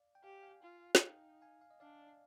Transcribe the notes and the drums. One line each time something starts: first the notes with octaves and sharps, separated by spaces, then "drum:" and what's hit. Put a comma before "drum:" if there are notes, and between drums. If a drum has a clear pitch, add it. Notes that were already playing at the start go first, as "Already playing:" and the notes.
Already playing: D5 F5
G5
G4 F5 G#5
F5 G#5
F4
F5, drum: snare
D#4 D#5 G5
F5 G#5
F5
D#5
D4 D5 F5